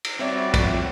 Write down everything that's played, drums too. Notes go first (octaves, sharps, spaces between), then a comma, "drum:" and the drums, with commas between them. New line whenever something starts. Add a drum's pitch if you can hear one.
drum: cymbal
G3 C4 F#4 C#5 D5 E5
F2, drum: kick, cymbal